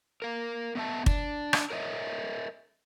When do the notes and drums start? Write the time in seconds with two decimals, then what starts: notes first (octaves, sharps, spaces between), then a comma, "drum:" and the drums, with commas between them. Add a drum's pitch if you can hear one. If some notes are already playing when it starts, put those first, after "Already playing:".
0.22 A#4 F5
0.75 B3 D#5 E5 A5
1.06 D4, drum: kick
1.53 drum: rim click
1.70 A#4 C#5 D#5 E5